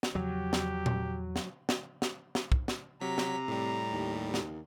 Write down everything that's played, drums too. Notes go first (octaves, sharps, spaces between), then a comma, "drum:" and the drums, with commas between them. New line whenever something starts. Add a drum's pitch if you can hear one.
drum: snare
E2 C#3 F3 F#3 G4
drum: snare
drum: tom A#2
drum: snare
drum: snare
drum: snare
drum: snare
drum: kick
drum: snare
C3 F#3 A#5 B6
drum: snare
A2 G3
D#2
drum: snare